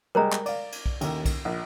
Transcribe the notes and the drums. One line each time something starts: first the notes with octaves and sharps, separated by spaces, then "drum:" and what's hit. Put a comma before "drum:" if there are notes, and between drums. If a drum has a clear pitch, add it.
G3 G#3 A#4 C5 A#5
drum: clap
D5 F5, drum: cymbal
drum: cymbal
drum: kick
A1 D#2, drum: cymbal
drum: kick, cymbal
A#1